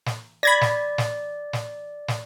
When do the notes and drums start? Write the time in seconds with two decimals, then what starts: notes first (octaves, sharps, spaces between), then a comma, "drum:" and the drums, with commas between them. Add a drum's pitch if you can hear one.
0.06 drum: snare
0.43 D5 B5 G#6 A#6
0.61 drum: snare
0.98 drum: snare
1.53 drum: snare
2.08 drum: snare